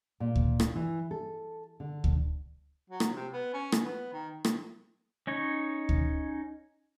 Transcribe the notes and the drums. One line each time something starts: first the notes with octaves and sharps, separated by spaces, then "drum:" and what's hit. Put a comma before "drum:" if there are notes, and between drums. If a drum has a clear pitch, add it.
A#2
drum: kick D2
drum: rim click
E3
A4
D3
drum: kick D2
F#3
drum: rim click
C3
B3
C#4
drum: rim click
B3
D#3
drum: rim click
C#4 D#4 C#5
drum: kick D2